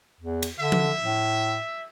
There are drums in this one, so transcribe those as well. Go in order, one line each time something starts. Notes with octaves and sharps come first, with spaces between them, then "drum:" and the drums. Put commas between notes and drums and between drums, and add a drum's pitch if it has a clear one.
E2
drum: cymbal
D3 E5
drum: tom F3
A2